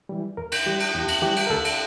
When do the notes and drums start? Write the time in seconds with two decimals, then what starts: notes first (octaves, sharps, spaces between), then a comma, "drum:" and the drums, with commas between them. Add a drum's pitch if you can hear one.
0.09 E3 G3
0.37 E2 A#4
0.52 drum: cymbal
0.66 E3 G3 G4
0.80 drum: cymbal
0.94 E2 G4
1.08 drum: cymbal
1.22 E3 G3 G4
1.36 drum: cymbal
1.47 A#4
1.50 D2 A4
1.65 drum: cymbal